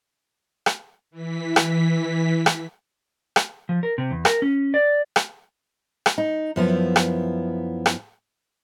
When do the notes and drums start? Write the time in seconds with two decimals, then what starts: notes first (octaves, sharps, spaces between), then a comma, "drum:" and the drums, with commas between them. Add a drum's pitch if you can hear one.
0.66 drum: rim click
1.11 E3 B6
1.56 drum: rim click
2.46 drum: rim click
3.36 drum: rim click
3.69 F3
3.83 A#4
3.98 C3
4.11 E2
4.25 A#4, drum: rim click
4.42 C#4
4.74 D5
5.16 drum: rim click
6.06 drum: rim click
6.18 D#4
6.56 F#2 F3 B3 E4
6.96 drum: rim click
7.86 drum: rim click